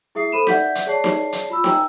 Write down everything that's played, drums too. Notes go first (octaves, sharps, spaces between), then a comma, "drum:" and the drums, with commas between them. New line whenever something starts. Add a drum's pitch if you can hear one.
E4 G#4 E5 D#6 C7
A4 C5 B5 D#7 E7
D5 E5 F#5 G6 B6, drum: snare D#4
drum: hi-hat
G#4 C#5 D5 A5 C7
drum: snare D#4
drum: hi-hat
F4 B5 E6
G5 G#5 A#5 E6, drum: snare D#4